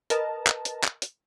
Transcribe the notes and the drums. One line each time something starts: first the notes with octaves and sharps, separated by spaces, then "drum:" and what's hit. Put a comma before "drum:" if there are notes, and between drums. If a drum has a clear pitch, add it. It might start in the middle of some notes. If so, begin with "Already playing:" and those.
A#4 B4 D#5 A5 A#5, drum: hi-hat
drum: clap
drum: hi-hat
drum: clap
drum: hi-hat